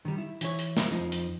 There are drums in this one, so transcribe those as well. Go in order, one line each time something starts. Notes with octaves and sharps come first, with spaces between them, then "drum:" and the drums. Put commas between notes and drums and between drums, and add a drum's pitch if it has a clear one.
D#3 G3
E4
E3 E4 C#5, drum: hi-hat
drum: hi-hat
drum: snare
F2 F3 D#4
drum: hi-hat